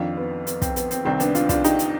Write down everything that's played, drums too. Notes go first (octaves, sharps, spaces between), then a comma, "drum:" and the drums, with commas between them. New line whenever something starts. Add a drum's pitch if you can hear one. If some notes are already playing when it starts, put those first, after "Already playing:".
Already playing: F2 D#3 D4 F4
B3
B3, drum: hi-hat
C4, drum: kick, hi-hat
B3, drum: hi-hat
C4, drum: hi-hat
C2 C3 D#3 C4
B3 D4, drum: hi-hat
D4 F4, drum: hi-hat
D4 F4, drum: kick, hi-hat
D#4 G4, drum: hi-hat
drum: hi-hat